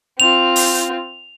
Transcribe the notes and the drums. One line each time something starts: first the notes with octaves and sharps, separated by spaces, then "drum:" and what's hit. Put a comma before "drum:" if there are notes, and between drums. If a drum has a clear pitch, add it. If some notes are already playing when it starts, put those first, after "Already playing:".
C4 F4 F7
drum: open hi-hat